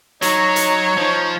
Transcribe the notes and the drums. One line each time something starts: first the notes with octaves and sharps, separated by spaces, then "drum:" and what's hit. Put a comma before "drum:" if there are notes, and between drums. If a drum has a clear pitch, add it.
F#3 D#4 C#5 A#5, drum: hi-hat
drum: hi-hat
F3 D#4